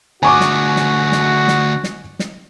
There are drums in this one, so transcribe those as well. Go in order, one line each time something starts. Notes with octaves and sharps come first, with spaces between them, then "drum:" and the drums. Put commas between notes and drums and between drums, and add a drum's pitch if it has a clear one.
D2 F#4 G#4 G#5 C#6 D6
drum: snare
drum: snare
drum: snare
drum: snare
drum: snare
drum: snare